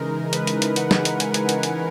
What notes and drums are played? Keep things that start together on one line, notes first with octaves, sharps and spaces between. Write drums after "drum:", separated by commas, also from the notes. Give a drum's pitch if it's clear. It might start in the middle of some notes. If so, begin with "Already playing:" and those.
Already playing: C#3 E3 G#3 D#4 A#4
B4, drum: hi-hat
drum: hi-hat
drum: hi-hat
F#5, drum: hi-hat
drum: snare
drum: hi-hat
G#5, drum: hi-hat
drum: hi-hat
drum: hi-hat
drum: hi-hat